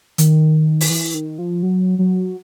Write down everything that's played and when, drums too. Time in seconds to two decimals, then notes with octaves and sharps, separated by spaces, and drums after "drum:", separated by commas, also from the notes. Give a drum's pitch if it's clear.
0.18 D#3, drum: hi-hat
0.81 drum: open hi-hat
0.90 E3
1.14 D#3
1.38 F3
1.63 F#3
1.99 F#3